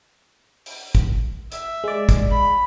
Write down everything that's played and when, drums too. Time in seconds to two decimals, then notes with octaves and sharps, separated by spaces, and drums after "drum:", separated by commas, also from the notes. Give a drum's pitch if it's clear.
0.66 drum: open hi-hat
0.95 drum: kick, hi-hat
1.52 E5, drum: hi-hat
1.84 G#3 D5
2.09 drum: kick, hi-hat
2.30 B5